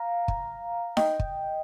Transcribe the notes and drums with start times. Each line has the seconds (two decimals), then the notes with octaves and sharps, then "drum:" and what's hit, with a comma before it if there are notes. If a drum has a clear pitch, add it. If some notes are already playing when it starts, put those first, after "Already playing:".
Already playing: F5 A#5
0.28 drum: kick
0.97 D#5 G5, drum: snare D#4
1.19 drum: kick